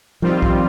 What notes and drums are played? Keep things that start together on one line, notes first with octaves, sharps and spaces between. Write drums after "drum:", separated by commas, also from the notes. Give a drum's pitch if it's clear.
D#3 F3 G3 C4 F4
drum: kick